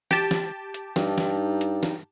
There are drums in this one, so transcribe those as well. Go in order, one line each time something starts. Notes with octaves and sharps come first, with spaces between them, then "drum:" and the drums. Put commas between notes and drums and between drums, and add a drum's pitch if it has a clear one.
G4 G5 A5, drum: snare
drum: snare
drum: hi-hat
G2 D#4, drum: snare
drum: snare
drum: hi-hat
drum: snare